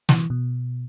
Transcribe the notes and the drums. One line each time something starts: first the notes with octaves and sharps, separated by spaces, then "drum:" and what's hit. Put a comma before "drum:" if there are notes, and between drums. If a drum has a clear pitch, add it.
E3, drum: snare
B2